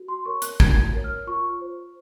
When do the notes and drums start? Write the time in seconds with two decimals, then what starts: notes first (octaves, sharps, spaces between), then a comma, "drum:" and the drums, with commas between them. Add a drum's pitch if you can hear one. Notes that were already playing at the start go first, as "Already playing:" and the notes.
Already playing: F#4
0.08 C6
0.25 A#4 C#5 C#6
0.42 F#6, drum: hi-hat
0.60 F#4 G#6, drum: kick
0.93 A#4 C#5
1.04 F6
1.27 F4 C#6
1.61 C5